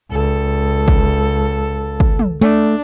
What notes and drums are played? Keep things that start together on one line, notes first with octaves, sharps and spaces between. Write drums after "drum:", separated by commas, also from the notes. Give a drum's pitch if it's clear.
C#2 A4
drum: kick
drum: kick
drum: tom
A3 D4